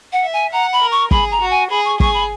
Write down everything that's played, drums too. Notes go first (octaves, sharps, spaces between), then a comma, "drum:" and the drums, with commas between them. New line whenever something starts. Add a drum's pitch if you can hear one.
F#5
E5
G#5
F#5 A#5
B5
A#4
C#6
G#4 B5, drum: kick
A#5
F#4
G#5
G#4 B5
C#6
G#4 C#6, drum: kick
B5